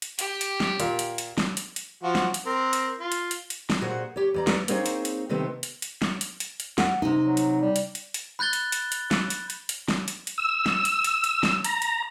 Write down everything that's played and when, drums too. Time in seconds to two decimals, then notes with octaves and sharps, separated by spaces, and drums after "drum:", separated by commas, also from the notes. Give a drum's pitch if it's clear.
0.02 drum: hi-hat
0.19 G4, drum: hi-hat
0.41 drum: hi-hat
0.60 drum: snare
0.80 A#2, drum: hi-hat
0.99 drum: hi-hat
1.18 drum: hi-hat
1.38 drum: snare
1.57 drum: hi-hat
1.76 drum: hi-hat
2.03 F3 F#4
2.15 drum: snare
2.34 drum: hi-hat
2.46 C4 A#4
2.73 drum: hi-hat
2.99 F4
3.12 drum: hi-hat
3.31 drum: hi-hat
3.50 drum: hi-hat
3.70 drum: snare
3.81 A#2 F#4 G#4 C5 F#5
4.16 G4 C#5
4.34 E2 D5 A#5
4.47 drum: snare
4.68 A#3 C4 D#4 G#4 C5 C#5, drum: hi-hat
4.86 drum: hi-hat
5.05 drum: hi-hat
5.29 C3 D#3 A3 B3 C4
5.63 drum: hi-hat
5.82 drum: hi-hat
6.02 drum: snare
6.21 drum: hi-hat
6.40 drum: hi-hat
6.60 drum: hi-hat
6.78 F#5, drum: snare
7.02 C3 D#4
7.27 F#3
7.37 drum: hi-hat
7.61 G3
7.76 drum: hi-hat
7.95 drum: hi-hat
8.14 drum: hi-hat
8.39 B5 F#6 G6 A6 G7
8.53 drum: hi-hat
8.72 drum: hi-hat
8.92 drum: hi-hat
9.11 drum: snare
9.30 drum: hi-hat
9.50 drum: hi-hat
9.69 drum: hi-hat
9.88 drum: snare
10.08 drum: hi-hat
10.27 drum: hi-hat
10.38 E6
10.66 drum: snare
10.85 drum: hi-hat
11.04 drum: hi-hat
11.24 drum: hi-hat
11.43 drum: snare
11.64 A#5, drum: hi-hat
11.82 drum: hi-hat